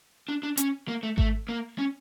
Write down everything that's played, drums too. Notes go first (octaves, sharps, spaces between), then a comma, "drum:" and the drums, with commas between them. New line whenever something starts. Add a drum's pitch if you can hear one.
D4
D4
C#4, drum: hi-hat
A#3
A3
A3, drum: kick G#1
A#3
C#4